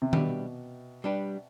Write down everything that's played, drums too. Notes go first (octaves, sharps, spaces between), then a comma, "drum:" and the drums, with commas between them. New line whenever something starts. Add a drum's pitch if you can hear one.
C3
B2 G3 D4 G4 B4, drum: tom D#3
G3 D4 G4 B4